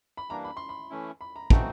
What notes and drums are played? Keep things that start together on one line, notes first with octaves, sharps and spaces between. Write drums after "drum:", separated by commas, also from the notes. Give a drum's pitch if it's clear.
B5
E3 G3 A#3 D4 A#5
B5
C6
B5
E3 A3 C#4 E4
B5
A#5
E3 A3 C4 D#4 F#4 A5, drum: kick